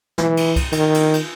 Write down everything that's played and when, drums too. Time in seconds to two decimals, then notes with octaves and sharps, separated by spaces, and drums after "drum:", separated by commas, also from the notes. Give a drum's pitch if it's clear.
0.18 E3, drum: snare
0.37 drum: cymbal
0.56 drum: kick, cymbal
0.72 D#3, drum: cymbal
0.94 drum: cymbal
1.14 drum: cymbal